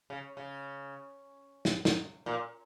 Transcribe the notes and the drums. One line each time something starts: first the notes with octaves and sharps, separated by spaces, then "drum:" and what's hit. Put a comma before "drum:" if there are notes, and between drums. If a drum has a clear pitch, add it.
C#3
C#3
drum: snare
drum: snare
A#2